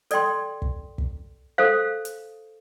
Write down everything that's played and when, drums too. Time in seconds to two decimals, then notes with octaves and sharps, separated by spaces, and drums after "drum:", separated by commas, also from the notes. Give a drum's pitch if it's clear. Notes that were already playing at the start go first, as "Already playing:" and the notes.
0.11 A4 D5 G5 C6, drum: hi-hat
0.62 drum: kick
0.98 drum: kick
1.58 A4 C5 F5
2.05 drum: hi-hat